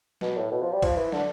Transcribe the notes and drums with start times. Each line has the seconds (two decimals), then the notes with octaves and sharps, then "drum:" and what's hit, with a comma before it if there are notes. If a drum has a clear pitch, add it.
0.21 B2, drum: snare
0.37 A2
0.51 B2
0.62 F3
0.73 G3
0.82 F3, drum: kick, cymbal
0.97 E3
1.12 D3, drum: snare